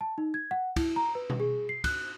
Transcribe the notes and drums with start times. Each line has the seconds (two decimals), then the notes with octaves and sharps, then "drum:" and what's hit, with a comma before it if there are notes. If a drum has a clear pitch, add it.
0.01 A5
0.18 D#4
0.34 G#6
0.51 F#5
0.76 E4, drum: kick, cymbal
0.96 A#5
1.15 B4
1.30 drum: tom B2
1.40 G#4
1.69 C7
1.84 F#6, drum: kick, cymbal